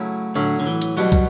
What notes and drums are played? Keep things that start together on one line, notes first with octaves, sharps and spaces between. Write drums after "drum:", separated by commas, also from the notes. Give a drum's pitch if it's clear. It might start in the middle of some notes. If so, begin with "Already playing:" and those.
Already playing: C#3 F#3 A3 C#4 E4
A2 D3 F#3 C#4
D3
E3
drum: hi-hat
B2 F#3 G3 D4 F#4
drum: kick, hi-hat